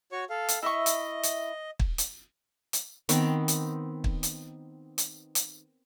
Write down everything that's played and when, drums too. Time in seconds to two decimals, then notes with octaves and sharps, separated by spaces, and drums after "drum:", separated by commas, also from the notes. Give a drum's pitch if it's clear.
0.12 F#4 C#5 C#6
0.30 A4 F5
0.48 drum: hi-hat
0.63 E4 D#5 E5 C#6
0.86 drum: hi-hat
1.23 drum: hi-hat
1.80 drum: kick
1.98 drum: hi-hat
2.73 drum: hi-hat
3.09 D#3 B3 C4, drum: hi-hat
3.48 drum: hi-hat
4.04 drum: kick
4.23 drum: hi-hat
4.98 drum: hi-hat
5.35 drum: hi-hat